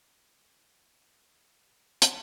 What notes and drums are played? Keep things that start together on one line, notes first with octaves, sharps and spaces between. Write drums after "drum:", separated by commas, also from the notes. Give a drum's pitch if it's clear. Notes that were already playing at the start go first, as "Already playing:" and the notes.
F#4 G4 A4 D#5 E5 G5
E2 G2 D#4 B4 D#5
F#3 G3 B3 D4
F3
drum: hi-hat